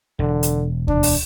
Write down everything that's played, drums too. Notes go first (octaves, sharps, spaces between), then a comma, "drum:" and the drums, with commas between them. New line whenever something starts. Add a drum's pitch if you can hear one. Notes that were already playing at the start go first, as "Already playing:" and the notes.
E1 D3
drum: hi-hat
D4, drum: kick D2
drum: open hi-hat